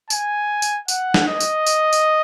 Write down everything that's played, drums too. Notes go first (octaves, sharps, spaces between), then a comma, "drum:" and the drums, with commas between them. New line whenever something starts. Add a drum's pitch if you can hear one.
G#5, drum: tambourine
drum: tambourine
F#5, drum: tambourine
drum: snare
D#5
drum: tambourine
drum: tambourine
drum: tambourine